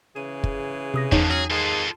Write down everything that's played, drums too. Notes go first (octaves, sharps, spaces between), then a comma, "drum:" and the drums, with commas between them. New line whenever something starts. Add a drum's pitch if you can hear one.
C#3 E3 G#4 D#7
drum: kick
C3 D#6 A#6
E2 D3 F3 D#4 C#5, drum: kick
F#3 C#4 G#4
G#2 D#3 F4 G#4 A4